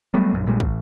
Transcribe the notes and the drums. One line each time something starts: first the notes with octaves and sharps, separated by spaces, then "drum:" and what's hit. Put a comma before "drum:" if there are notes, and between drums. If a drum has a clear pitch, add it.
F#3 G3 A3 B3
A#1 F#2
A#1 A#2 G3 G#3
A1, drum: kick